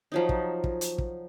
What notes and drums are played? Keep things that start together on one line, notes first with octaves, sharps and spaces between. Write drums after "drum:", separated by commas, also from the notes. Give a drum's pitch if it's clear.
F3 F#3 D#4
drum: kick
drum: kick
drum: hi-hat
drum: kick